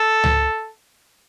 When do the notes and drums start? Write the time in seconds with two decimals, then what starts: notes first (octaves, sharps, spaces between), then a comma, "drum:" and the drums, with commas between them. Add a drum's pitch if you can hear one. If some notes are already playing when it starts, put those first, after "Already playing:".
Already playing: A4
0.24 drum: tom C#2